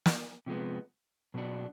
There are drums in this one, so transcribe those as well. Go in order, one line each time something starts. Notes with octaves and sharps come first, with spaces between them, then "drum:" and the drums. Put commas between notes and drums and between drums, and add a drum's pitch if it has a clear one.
drum: snare
C3 F3 G#3 B3
B2 F#3 B3 D4 F#4